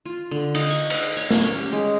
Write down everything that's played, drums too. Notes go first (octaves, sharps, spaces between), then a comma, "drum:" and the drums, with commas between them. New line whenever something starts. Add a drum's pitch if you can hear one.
F4
D3
D#4, drum: cymbal
C#6
F#5, drum: cymbal
C#5
drum: snare
C#4
G4
G#3